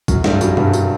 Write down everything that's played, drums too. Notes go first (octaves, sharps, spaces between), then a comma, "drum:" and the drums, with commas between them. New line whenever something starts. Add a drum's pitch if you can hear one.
F#2 F#3, drum: kick, tambourine
G2 G3, drum: snare
F#2 F#3, drum: tambourine
G2 G3, drum: tom B2
F#3, drum: tambourine